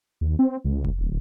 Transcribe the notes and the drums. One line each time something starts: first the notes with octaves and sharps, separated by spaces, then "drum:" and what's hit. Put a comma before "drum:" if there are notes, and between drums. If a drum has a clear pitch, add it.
D#2
C4
C#2
drum: kick F1
D1